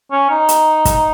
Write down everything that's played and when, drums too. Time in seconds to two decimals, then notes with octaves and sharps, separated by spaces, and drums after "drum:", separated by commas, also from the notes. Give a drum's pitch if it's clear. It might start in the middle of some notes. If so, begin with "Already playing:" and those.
0.12 C#4
0.30 D#4
0.49 drum: hi-hat
0.85 drum: kick, hi-hat